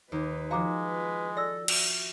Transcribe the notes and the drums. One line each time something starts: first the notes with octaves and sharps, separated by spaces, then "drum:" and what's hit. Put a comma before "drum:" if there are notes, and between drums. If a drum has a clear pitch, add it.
D#2 D#4 B4
F3 G#3 F#4 F5 A#5 D6
F4 B4
A4 D5 E6 A#6
F#4 E5, drum: cymbal